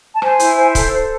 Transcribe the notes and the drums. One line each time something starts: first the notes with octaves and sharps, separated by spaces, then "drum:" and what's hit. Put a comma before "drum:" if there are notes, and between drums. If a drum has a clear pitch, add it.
A5
C5 G#5, drum: rim click
E4, drum: hi-hat
C5
A4, drum: kick, hi-hat
C5